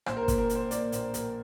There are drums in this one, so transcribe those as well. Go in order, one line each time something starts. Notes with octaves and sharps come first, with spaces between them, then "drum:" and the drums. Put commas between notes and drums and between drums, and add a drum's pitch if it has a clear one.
A#1 C5, drum: rim click
A#4
C5
A#2, drum: kick, hi-hat
A#4
A#2, drum: hi-hat
C5
A#3 D5, drum: hi-hat
A#1 C5, drum: hi-hat
A#1 A#4, drum: hi-hat